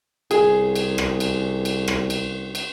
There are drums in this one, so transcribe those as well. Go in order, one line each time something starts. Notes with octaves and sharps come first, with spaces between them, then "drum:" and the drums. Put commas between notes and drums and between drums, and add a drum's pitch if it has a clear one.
C2 G#4, drum: cymbal
drum: cymbal
drum: rim click
drum: cymbal
drum: cymbal
drum: rim click
drum: cymbal
drum: cymbal